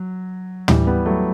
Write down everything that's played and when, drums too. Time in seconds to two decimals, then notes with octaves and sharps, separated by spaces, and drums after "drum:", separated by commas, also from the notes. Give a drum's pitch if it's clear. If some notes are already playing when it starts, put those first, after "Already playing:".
Already playing: F#3
0.68 E3 G3, drum: tom
0.87 G3 B3
1.06 F#3 A3